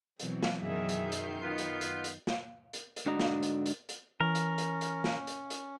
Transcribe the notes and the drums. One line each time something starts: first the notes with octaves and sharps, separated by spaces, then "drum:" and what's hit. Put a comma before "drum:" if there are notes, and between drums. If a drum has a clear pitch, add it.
B2 E3 F#3 C4, drum: hi-hat
drum: snare
F#2 D#3 G#4 E5
drum: hi-hat
G6 C7
drum: hi-hat
B3 D#4 F4
drum: hi-hat
drum: hi-hat
drum: hi-hat
drum: snare
drum: hi-hat
drum: hi-hat
G#2 D3 D4 F#4 D#5 A#5
drum: snare
drum: hi-hat
drum: hi-hat
drum: hi-hat
E3 C#4 A#4
drum: hi-hat
drum: hi-hat
drum: hi-hat
drum: snare
drum: hi-hat
drum: hi-hat